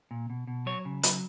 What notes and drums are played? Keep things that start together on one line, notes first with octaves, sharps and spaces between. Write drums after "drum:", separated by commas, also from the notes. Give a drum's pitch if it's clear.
A#2
B2
B2
F#3 C#5
C#3
F#3 B4, drum: hi-hat